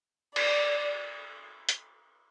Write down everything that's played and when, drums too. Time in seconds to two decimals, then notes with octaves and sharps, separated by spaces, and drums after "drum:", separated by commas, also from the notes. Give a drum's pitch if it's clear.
0.36 D5, drum: cymbal
1.69 drum: hi-hat